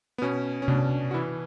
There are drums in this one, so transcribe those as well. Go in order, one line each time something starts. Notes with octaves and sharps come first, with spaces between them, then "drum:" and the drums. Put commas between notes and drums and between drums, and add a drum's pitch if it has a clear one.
B3
B2 C#4
C#4
B2 D4, drum: tom C3
F#4
E3 E4